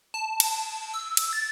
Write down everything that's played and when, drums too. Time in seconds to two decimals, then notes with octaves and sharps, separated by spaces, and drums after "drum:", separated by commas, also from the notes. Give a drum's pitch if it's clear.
0.14 A5
0.40 drum: cymbal
0.94 E6
1.17 drum: cymbal
1.33 A6